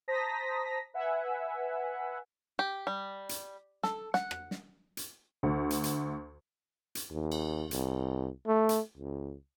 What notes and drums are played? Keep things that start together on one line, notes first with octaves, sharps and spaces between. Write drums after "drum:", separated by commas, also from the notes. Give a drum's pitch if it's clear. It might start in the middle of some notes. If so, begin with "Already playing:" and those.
C5 A5 A#5 D#6 A#6 B6
B4 E5 F#5 G#5
G4
G3
drum: hi-hat
A4, drum: snare
F#5, drum: snare
drum: rim click
drum: snare
drum: hi-hat
D2
drum: hi-hat
drum: hi-hat
drum: hi-hat
D#2
drum: cymbal
C2, drum: hi-hat
A3
drum: hi-hat
C#2